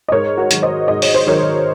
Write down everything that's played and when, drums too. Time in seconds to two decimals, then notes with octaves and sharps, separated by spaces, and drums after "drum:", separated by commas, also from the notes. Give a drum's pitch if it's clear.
0.08 D#5
0.12 G#2 A#4 C#5
0.37 F#4 A#4
0.51 D#3 F#3, drum: hi-hat
0.62 C5 D#5
0.88 G#2 D#5
1.02 C#5, drum: open hi-hat
1.14 C5
1.26 D#3 F#3 A#4 C#5